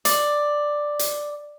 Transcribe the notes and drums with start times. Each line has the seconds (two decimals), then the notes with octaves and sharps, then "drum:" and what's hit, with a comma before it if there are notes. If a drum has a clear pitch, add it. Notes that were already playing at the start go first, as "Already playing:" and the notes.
0.05 D5, drum: hi-hat
0.99 drum: hi-hat